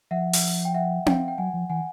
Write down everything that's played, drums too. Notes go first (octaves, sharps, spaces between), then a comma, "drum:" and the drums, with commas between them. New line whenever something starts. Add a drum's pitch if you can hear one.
F3 E5 F#5
drum: open hi-hat
G5
E5 F#5
F5 G5, drum: tom C4
G5
F#3 F#5 G#5
F3
E3 F#5 G#5